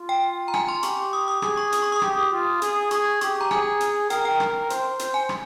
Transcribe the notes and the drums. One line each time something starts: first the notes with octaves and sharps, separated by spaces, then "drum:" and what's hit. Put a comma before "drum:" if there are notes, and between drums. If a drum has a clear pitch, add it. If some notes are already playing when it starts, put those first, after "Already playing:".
Already playing: F4
G5
A#5
G#5, drum: rim click
C6
G4 C#6, drum: hi-hat
D#6
D#6
G#4 D#6, drum: rim click
C#6
D#6, drum: hi-hat
C#6
D#6
G4, drum: rim click
F4
G#4, drum: hi-hat
G#4 C#6, drum: hi-hat
G4 C#6, drum: hi-hat
A#5
G#4 G#5, drum: rim click
drum: hi-hat
A#4 G5, drum: hi-hat
G5
drum: rim click
C5, drum: hi-hat
drum: hi-hat
G#5
drum: rim click